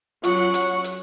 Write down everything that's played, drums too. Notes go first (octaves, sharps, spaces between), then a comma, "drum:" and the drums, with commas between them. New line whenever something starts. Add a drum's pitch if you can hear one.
F#3 C#4 F4 F#5 C#6, drum: hi-hat
drum: hi-hat
drum: hi-hat